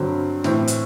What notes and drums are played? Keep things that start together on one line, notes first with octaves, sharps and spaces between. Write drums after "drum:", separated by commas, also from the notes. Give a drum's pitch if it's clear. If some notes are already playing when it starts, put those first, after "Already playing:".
Already playing: G2 D3 F#3 C4
A2 E3 C4, drum: snare
drum: hi-hat